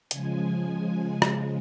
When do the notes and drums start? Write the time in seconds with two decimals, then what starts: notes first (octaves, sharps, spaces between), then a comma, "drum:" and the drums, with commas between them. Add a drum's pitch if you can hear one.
0.11 C#3 F3 G#3 G#5, drum: hi-hat
1.22 drum: rim click